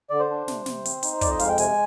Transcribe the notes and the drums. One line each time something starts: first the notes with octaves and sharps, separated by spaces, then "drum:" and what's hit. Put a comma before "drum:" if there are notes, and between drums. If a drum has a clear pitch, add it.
D3 D5
C5
D4
C3, drum: snare
C3, drum: snare
C4, drum: hi-hat
D#4, drum: hi-hat
F2 D5, drum: kick, hi-hat
D#5
G#3 F5, drum: hi-hat
G5
C3 G#5, drum: hi-hat